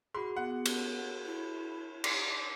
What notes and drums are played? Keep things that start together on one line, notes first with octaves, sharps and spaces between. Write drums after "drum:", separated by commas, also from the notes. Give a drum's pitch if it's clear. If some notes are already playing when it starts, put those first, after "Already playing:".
F#4 G#4 B5 C6
B3 F#5
drum: cymbal
E4
drum: cymbal